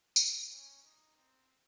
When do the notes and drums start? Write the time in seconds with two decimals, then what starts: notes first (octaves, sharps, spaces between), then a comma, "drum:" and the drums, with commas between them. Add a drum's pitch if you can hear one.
0.16 C4, drum: tambourine
0.50 C#4
0.83 D#4
1.17 C4